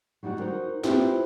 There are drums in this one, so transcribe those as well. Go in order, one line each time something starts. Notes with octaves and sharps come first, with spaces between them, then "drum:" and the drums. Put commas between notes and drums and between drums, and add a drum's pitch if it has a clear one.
F#3 G3 D#4 F4 F#4
D#4 F#4 A#4 C5
C4 E4 F4 G4 B4 C5, drum: snare